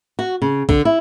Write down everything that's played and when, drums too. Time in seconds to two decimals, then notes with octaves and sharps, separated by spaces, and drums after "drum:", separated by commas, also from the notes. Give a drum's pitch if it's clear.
0.19 F#4
0.42 C#3
0.69 D3, drum: kick
0.85 E4